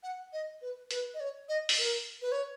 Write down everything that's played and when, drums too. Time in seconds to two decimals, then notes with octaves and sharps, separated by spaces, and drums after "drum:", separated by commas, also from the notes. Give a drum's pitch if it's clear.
0.03 F#5
0.33 D#5
0.62 B4
0.91 B4, drum: hi-hat
1.14 D#5
1.20 C#5
1.49 D#5
1.69 drum: open hi-hat
1.78 A#4
2.22 B4
2.32 C#5